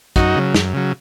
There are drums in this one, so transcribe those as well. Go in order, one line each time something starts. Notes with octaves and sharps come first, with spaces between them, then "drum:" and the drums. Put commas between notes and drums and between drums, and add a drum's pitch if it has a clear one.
F#2 D#4 F#4, drum: kick, hi-hat
C#3 F#3
F#2, drum: snare
C#3 F#3